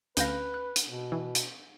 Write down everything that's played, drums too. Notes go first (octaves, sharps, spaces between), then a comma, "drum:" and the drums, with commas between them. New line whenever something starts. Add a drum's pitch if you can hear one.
D2 C#4 B4 F5 G6 A#6, drum: hi-hat
F#6
drum: hi-hat
B2
E3
drum: hi-hat